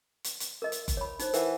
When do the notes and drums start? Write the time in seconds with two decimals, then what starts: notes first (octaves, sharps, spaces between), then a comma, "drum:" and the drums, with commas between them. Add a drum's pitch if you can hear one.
0.24 drum: hi-hat
0.40 drum: hi-hat
0.62 A#4 D#5
0.72 drum: hi-hat
0.88 drum: kick F#1, hi-hat
0.97 C#5 B5
1.19 D#4 C5, drum: hi-hat
1.34 E3 A#4 F#5, drum: hi-hat